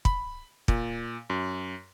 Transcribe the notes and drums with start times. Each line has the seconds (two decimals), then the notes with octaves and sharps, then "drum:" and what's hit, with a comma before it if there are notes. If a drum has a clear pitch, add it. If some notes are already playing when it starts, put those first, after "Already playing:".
0.05 B5, drum: kick
0.68 A#2, drum: kick
1.30 F#2